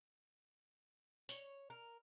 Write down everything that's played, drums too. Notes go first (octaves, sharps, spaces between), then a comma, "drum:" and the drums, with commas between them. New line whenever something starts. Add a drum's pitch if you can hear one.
C#5, drum: tambourine
A#4